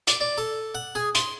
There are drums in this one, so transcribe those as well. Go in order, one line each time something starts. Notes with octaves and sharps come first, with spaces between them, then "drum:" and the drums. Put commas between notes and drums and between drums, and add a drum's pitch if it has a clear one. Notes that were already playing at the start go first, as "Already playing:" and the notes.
D5, drum: hi-hat
D5
A4
F#5
G#4
C6, drum: hi-hat